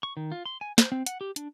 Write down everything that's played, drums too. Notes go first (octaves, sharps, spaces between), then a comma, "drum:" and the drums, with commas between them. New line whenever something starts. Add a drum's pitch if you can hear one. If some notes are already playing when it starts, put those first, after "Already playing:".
C#6
D#3
F4
C6
G#5
C5, drum: snare
C4
F#5, drum: hi-hat
G4
D4, drum: hi-hat